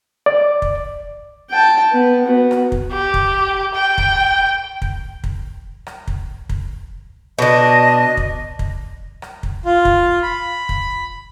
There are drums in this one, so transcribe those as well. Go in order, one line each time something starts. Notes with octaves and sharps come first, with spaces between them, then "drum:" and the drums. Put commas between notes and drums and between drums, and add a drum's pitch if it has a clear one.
D5
drum: kick
G5 A5
B3
B3 F#4
drum: rim click
drum: kick
G4
drum: kick
G5
drum: kick
drum: kick
drum: kick
drum: rim click
drum: kick
drum: kick
B2 D4 D#5
drum: kick
drum: kick
drum: rim click
drum: kick
F4
drum: kick
B5
drum: kick